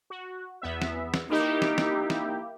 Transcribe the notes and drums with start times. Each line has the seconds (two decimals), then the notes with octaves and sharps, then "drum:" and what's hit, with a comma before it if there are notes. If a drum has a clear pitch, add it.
0.10 F#4
0.62 E2 B3 E5
0.82 drum: snare
1.14 drum: snare
1.30 A#3 D#4 E4 G4
1.62 drum: snare
1.78 drum: snare
2.10 drum: snare